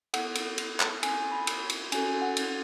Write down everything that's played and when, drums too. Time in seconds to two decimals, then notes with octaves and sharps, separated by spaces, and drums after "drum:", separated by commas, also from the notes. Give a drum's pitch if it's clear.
0.14 B3 E4 A4 F#5, drum: cymbal
0.35 drum: cymbal
0.58 drum: cymbal
0.80 drum: clap
1.03 G#5, drum: cymbal
1.32 B5
1.47 drum: cymbal
1.70 drum: cymbal
1.92 C#4 F#4 A4 G#5, drum: cymbal
2.22 F#5
2.37 drum: cymbal